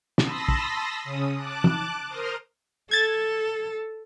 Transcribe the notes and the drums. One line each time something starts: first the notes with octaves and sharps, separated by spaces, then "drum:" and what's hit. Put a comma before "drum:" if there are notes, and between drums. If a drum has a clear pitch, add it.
A5 B5 C6 D#6 E6 A#6, drum: snare
drum: kick
C#3 C#4 D#6
A5 D6 F#6
drum: tom
A#4 C5 A#5 C6 D#6 F6
A4 G#6 A6